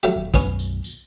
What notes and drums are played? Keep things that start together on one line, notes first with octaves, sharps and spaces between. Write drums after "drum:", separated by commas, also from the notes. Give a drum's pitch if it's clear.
F#3 A3 G4
D#1
B1 F#2 B3 C#4, drum: kick, tambourine
drum: tambourine
drum: tambourine